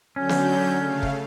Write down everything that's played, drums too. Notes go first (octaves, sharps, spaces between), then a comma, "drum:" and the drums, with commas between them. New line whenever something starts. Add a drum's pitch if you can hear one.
D3 F#3 C#4 G6
drum: snare
C#3 A3 F5
drum: kick